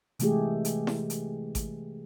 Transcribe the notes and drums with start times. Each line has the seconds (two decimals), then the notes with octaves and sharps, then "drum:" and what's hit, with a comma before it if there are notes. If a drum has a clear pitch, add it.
0.19 C3 E3 G#3 A3 G4 G#4, drum: hi-hat
0.65 drum: hi-hat
0.87 drum: snare E4
1.10 drum: hi-hat
1.55 drum: kick G#1, hi-hat